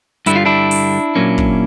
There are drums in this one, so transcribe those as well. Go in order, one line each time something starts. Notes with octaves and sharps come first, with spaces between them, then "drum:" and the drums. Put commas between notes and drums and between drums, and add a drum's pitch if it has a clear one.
G2 D3 G3 E4, drum: hi-hat
F4
D4 E4
drum: open hi-hat
A#2 F#3 A#3 C#4
drum: kick